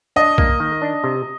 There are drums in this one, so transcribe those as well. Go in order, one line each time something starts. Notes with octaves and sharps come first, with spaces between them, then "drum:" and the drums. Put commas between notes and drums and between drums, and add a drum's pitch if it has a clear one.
D4 D#5
A#3, drum: kick
D#3
D4
C3